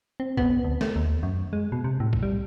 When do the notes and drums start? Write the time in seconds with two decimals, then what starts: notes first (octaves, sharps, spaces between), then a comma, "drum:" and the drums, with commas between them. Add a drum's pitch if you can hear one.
0.20 C4
0.37 B3, drum: kick
0.64 D2
0.81 A3, drum: snare
0.96 D#2
1.23 F#2
1.53 G#3
1.72 B2
1.84 C3
2.00 A2
2.13 drum: kick
2.23 G3